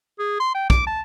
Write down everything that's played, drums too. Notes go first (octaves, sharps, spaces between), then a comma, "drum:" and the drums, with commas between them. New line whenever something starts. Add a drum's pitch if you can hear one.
G#4
C6
G5
D6, drum: kick
A5